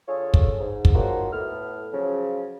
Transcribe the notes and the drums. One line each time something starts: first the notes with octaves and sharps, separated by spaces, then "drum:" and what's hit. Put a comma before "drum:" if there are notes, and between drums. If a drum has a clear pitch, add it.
D3 F4 G#4 A4 C#5
drum: kick
G#2
drum: kick
D#3 F3 F#3 A#3 F#4 C5
A2 B3 F6
C#3 F3 F#3